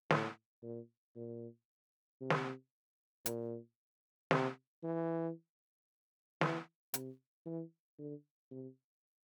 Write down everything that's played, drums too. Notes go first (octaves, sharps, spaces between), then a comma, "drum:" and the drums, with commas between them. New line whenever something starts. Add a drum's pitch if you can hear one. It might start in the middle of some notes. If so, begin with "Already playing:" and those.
A2, drum: snare
A#2
A#2
C3
drum: snare
A#2, drum: hi-hat
C3, drum: snare
E3
E3, drum: snare
C3, drum: hi-hat
E3
D3
C3